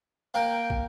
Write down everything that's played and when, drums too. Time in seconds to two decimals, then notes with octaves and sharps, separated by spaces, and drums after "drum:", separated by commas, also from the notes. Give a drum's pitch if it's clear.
0.34 A#3 A#4 G5
0.70 drum: kick